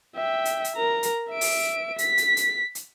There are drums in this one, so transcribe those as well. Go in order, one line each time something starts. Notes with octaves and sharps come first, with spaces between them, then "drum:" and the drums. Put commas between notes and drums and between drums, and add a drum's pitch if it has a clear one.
E5 G5
drum: hi-hat
drum: hi-hat
A#4 A#5
drum: hi-hat
E5 D7
drum: open hi-hat
B6, drum: hi-hat
drum: hi-hat
drum: hi-hat
drum: hi-hat